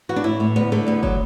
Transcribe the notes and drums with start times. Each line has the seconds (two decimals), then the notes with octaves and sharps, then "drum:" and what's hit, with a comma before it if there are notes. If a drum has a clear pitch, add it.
0.09 E3 F#4
0.16 D4
0.24 A2 E4
0.40 A2
0.56 D2 B3
0.72 D3 A3
0.87 D2 B3
1.03 F#3, drum: kick